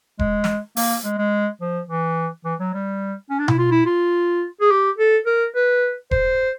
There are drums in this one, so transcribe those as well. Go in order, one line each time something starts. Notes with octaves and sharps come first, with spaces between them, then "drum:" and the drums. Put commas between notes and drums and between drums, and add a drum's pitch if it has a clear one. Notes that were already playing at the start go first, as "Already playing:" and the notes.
G#3, drum: kick E1
drum: snare
A#3, drum: open hi-hat
G#3
G#3
F3
E3
E3
F#3
G3
C#4
D4
E4, drum: tom B2
F4
E4
F4
G#4
G4
A4
A#4
B4
C5, drum: kick E1